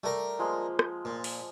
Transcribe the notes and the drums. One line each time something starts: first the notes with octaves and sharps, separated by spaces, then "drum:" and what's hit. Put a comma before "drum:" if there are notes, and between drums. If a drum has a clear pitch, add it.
G3 A3 A#4
F3 G#3 A#3
drum: rim click
A#2
drum: open hi-hat